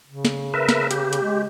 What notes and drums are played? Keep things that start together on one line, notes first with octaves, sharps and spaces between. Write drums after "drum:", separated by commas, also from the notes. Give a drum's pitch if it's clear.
C#3
drum: snare
A#4 B4 E5
drum: snare
G4, drum: hi-hat
drum: hi-hat
G#3